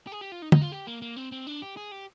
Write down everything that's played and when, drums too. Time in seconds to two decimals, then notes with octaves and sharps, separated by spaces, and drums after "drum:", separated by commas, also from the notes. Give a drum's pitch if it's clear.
0.07 G4
0.12 G#4
0.21 G4
0.32 F4
0.42 D#4
0.52 D#4, drum: tom
0.62 F4
0.72 G4
0.87 A#3
1.02 A#3
1.16 C4
1.32 C4
1.47 D4
1.62 G4
1.77 G#4
1.92 G4